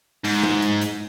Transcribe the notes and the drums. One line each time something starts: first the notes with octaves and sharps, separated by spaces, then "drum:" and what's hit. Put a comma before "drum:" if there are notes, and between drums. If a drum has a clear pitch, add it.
G#2, drum: open hi-hat
drum: tom G#3
drum: hi-hat
drum: hi-hat